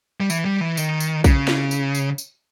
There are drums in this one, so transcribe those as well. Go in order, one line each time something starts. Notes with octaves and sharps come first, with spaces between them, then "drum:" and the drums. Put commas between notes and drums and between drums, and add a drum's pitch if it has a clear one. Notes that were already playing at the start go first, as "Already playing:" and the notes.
G3
E3, drum: tambourine
G3
E3
D#3, drum: tambourine
drum: tambourine
C#3, drum: kick A#1, tambourine
drum: snare
drum: tambourine
drum: tambourine
drum: tambourine